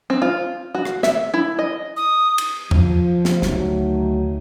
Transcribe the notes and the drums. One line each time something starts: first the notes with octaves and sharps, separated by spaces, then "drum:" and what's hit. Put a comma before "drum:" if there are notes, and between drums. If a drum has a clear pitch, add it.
C4
F4
F#4
drum: rim click
E5, drum: snare
E4
D#5
D#6
drum: cymbal
F3, drum: tom E2
drum: snare
D2 D#3 F#3 A3, drum: snare